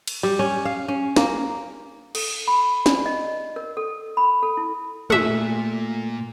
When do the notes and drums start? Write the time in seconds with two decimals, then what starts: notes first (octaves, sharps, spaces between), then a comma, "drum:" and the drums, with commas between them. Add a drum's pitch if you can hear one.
0.07 drum: cymbal
0.23 G3
0.39 C#4
0.65 F5
0.88 C#4
1.16 A#3, drum: snare
2.15 A4, drum: cymbal
2.48 B5
2.86 D5, drum: snare
3.06 D#5
3.56 A#4
3.77 A4
4.17 B5
4.43 A4
4.57 E4
5.10 A#2 A3 E5 F#5, drum: tom